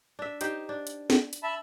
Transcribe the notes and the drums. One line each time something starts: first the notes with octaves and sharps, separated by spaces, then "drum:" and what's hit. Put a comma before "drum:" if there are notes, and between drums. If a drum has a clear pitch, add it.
D4 E5
D#4 G4 C5, drum: hi-hat
D4
drum: hi-hat
drum: snare
drum: hi-hat
E5 A5 B5